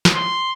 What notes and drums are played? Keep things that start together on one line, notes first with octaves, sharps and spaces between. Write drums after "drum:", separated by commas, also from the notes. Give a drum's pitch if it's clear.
drum: snare
C6